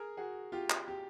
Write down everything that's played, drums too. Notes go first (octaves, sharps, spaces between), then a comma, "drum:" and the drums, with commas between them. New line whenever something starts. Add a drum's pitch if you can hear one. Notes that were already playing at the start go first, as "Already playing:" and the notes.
Already playing: G#4 A#4
F#4 G#4
F4 G4
drum: clap
G4